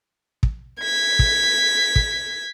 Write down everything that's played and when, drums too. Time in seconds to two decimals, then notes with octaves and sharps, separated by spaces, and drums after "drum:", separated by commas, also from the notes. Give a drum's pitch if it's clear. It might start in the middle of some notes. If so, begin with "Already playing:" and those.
0.43 drum: kick
0.81 G#6 B6
1.19 drum: kick
1.96 drum: kick